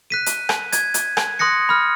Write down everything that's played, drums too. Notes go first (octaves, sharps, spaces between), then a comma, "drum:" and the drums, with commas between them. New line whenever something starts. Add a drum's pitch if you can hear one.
F#6 B6 D#7
drum: hi-hat
drum: rim click
G#6, drum: hi-hat
drum: hi-hat
drum: rim click
C6 D#6 F#6 A#6 C#7
B5 F6